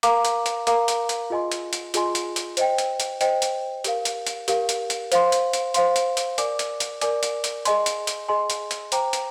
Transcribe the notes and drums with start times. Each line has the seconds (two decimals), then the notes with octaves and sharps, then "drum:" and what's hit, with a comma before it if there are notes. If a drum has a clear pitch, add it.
0.03 A#4 F5 A#5 D6, drum: hi-hat
0.25 drum: hi-hat
0.46 drum: hi-hat
0.67 A#4 F5 A#5 D6, drum: hi-hat
0.88 drum: hi-hat
1.09 drum: hi-hat
1.30 F4 G#4 D#5 G#5 C6
1.52 drum: hi-hat
1.73 drum: hi-hat
1.94 F4 G#4 D#5 G#5 C6, drum: hi-hat
2.15 drum: hi-hat
2.36 drum: hi-hat
2.57 C5 D#5 G5, drum: hi-hat
2.78 drum: hi-hat
3.00 drum: hi-hat
3.21 C5 D#5 G5, drum: hi-hat
3.42 drum: hi-hat
3.84 G4 A#4 F5, drum: hi-hat
4.05 drum: hi-hat
4.27 drum: hi-hat
4.48 G4 A#4 F5, drum: hi-hat
4.69 drum: hi-hat
4.90 drum: hi-hat
5.12 C5 F5 C6, drum: hi-hat
5.32 drum: hi-hat
5.53 drum: hi-hat
5.74 C5 F5 C6, drum: hi-hat
5.96 drum: hi-hat
6.17 drum: hi-hat
6.38 A#4 D5 G#5 D6, drum: hi-hat
6.59 drum: hi-hat
6.80 drum: hi-hat
7.01 A#4 D5 G#5 D6, drum: hi-hat
7.23 drum: hi-hat
7.44 drum: hi-hat
7.65 G#4 D#5 G#5 C6, drum: hi-hat
7.86 drum: hi-hat
8.07 drum: hi-hat
8.28 G#4 D#5 G#5 C6
8.50 drum: hi-hat
8.71 drum: hi-hat
8.92 C5 G5 A#5 D6, drum: hi-hat
9.13 drum: hi-hat